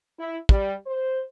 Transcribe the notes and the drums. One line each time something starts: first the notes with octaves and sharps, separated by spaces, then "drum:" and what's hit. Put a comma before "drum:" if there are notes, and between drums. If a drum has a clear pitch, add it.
E4
G3, drum: kick
C5